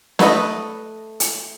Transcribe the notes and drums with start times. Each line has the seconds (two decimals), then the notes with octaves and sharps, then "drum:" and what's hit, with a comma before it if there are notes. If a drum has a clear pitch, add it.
0.19 A3 B4 D#5, drum: snare
1.20 drum: hi-hat